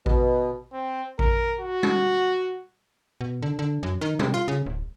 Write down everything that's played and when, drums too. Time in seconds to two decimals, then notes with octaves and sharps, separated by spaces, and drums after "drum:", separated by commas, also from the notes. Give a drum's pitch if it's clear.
0.06 B2, drum: kick A1
0.73 C4
1.19 A#4, drum: kick A1
1.60 F#4
1.83 drum: tom G3
3.21 B2
3.42 D3
3.59 D3
3.83 F#2
4.01 D#3
4.19 C3, drum: tom G3
4.34 F4
4.48 C#3
4.66 D1